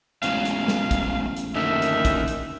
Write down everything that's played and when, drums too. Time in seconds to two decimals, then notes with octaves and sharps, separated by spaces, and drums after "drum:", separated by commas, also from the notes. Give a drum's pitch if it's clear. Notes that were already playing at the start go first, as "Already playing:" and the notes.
0.23 A1 F#3 G#3 B3 F5, drum: hi-hat
0.45 drum: hi-hat
0.68 drum: snare
0.91 drum: kick, hi-hat
1.36 drum: hi-hat
1.55 F#2 D3 D#3 A#3 E5
1.82 drum: hi-hat
2.05 drum: kick, hi-hat
2.28 drum: hi-hat